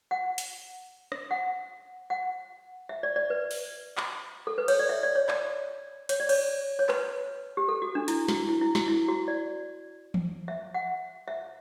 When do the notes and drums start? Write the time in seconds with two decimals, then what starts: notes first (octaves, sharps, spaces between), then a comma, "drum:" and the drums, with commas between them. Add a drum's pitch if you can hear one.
0.11 F#5
0.38 drum: hi-hat
1.12 drum: rim click
1.31 F#5
2.10 F#5
2.89 E5
3.03 D5
3.16 D5
3.30 B4
3.51 drum: open hi-hat
3.97 drum: clap
4.47 A4
4.58 B4
4.68 C#5, drum: cymbal
4.79 D5
4.89 E5
5.03 D5
5.16 C#5
5.29 D5, drum: clap
6.09 C#5, drum: hi-hat
6.20 D5
6.29 C#5, drum: cymbal
6.79 C#5
6.89 B4, drum: clap
7.57 G4
7.69 A4
7.82 F#4
7.95 D4
8.08 E4, drum: hi-hat
8.28 F#4, drum: snare
8.48 E4
8.61 E4
8.75 F#4, drum: snare
8.88 E4
9.08 F#4
9.28 D5
10.14 drum: tom E3
10.48 E5
10.74 F#5
11.28 E5